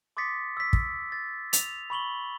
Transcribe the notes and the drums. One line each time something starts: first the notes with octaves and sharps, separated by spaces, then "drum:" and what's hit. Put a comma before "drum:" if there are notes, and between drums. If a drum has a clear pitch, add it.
C6 D6 D#6 A6 B6 C#7
E6 B6
drum: kick
A6
F7, drum: hi-hat
B5 C#6 F#7 G7